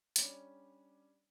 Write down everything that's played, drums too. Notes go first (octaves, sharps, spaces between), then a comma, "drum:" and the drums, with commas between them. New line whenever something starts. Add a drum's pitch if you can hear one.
G3 C#4 D4, drum: hi-hat